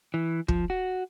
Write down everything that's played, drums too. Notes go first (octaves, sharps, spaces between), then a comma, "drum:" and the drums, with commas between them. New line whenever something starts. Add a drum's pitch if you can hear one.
E3
F3, drum: kick
F#4